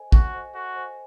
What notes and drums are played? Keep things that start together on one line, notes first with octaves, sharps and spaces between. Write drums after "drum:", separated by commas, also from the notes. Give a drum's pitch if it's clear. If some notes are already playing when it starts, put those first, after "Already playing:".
Already playing: A4 C5 D#5 G#5
F#4 A4, drum: kick
C5 D#5 G#5
F#4 A4
C5 D#5 G#5